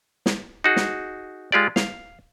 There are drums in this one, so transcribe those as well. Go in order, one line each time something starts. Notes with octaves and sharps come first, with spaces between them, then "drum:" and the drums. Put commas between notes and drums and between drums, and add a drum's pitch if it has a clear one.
drum: snare
D#4 F#4 G#4
drum: snare
G#3 F4 G4 D5
F5, drum: snare